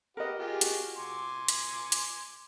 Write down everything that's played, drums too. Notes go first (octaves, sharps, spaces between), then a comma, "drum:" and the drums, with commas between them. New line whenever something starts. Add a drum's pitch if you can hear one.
G4 A#4 B4 D#5 F#5
F4 G4 G#4
F#4, drum: hi-hat
G#5 C6 D6
drum: hi-hat
drum: hi-hat